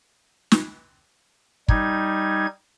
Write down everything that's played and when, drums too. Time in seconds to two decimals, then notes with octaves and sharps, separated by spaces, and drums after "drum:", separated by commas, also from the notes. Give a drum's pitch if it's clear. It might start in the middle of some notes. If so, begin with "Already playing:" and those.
0.52 drum: snare
1.68 G3 D#4 G#6, drum: kick